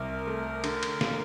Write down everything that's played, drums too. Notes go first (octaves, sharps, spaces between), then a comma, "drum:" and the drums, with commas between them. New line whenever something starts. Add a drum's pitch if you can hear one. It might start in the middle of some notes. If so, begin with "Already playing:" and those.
Already playing: C2 A#4
A3
D3, drum: cymbal
drum: cymbal
drum: snare